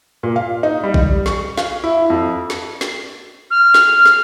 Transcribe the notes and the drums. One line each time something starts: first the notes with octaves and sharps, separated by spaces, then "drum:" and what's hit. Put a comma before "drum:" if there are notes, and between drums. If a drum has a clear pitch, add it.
A#2
F5
D#4
G3
drum: kick A#1
C#6, drum: snare
F5, drum: snare
E4
F2
drum: snare
drum: snare
F6
drum: snare
drum: snare